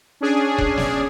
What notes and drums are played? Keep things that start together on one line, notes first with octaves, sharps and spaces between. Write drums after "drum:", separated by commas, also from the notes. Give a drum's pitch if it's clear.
C#4 D4 G#4
drum: kick E1
drum: snare